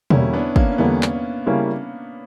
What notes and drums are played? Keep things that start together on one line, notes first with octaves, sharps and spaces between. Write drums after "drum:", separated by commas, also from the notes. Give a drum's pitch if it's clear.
E2 D3 G3 A#3 C#4 E4, drum: tom B2
B3 D4
A#3 C#4, drum: kick
C#4
E2 D3 G3 A#3 B3
drum: clap
C#3 G3 A#3 C#4 E4